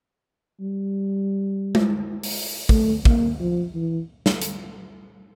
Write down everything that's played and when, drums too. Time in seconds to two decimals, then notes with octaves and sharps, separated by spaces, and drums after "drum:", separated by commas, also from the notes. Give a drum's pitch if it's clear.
0.60 G3
1.75 drum: tom G#3
2.23 drum: open hi-hat
2.69 A3, drum: kick
3.05 A#3, drum: kick
3.40 F3
3.75 E3
4.26 drum: snare
4.42 drum: hi-hat